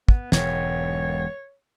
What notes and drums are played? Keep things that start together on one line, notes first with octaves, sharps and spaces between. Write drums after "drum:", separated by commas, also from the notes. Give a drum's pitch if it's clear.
B3, drum: kick
E1 G#2 C#5, drum: snare